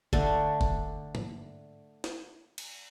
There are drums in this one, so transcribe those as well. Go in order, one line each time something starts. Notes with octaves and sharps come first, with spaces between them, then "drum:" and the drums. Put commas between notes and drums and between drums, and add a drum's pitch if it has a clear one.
D3 A3 D4, drum: kick
drum: kick
drum: tom G#2
drum: snare
drum: cymbal